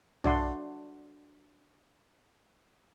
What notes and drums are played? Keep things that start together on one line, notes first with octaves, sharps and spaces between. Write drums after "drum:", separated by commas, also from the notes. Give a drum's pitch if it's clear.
D4 F#4 D5 E5 F#5 C6, drum: tom